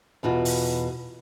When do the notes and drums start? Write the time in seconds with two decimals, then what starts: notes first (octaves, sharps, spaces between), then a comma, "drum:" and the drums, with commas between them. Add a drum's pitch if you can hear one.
0.23 E2 B2 F4 F#4
0.45 drum: open hi-hat